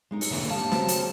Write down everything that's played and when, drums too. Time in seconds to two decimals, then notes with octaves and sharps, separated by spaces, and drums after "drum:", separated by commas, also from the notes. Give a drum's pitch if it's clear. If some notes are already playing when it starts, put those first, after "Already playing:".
0.11 G#3 D#4 A#4
0.21 drum: open hi-hat
0.31 D3 E3 A#3
0.50 G4 F5 A5
0.72 C#3 F#3 C4, drum: snare
0.88 drum: hi-hat